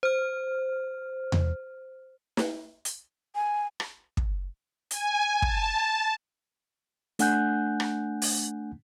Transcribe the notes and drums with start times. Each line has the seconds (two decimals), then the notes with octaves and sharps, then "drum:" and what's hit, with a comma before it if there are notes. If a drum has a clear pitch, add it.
0.03 C5 F6
1.32 drum: tom E2
2.37 drum: snare
2.85 drum: hi-hat
3.35 G#5
3.80 drum: rim click
4.17 drum: kick
4.91 G#5, drum: hi-hat
5.42 A5, drum: kick
7.19 A3 D4 F#5 G#5 F#6 G6, drum: hi-hat
7.80 drum: rim click
8.22 drum: open hi-hat